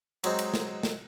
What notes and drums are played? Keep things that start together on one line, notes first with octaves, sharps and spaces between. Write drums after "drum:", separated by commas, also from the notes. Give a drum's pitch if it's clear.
F#3 G#3 C4 D#4, drum: cymbal
drum: cymbal
drum: snare
drum: snare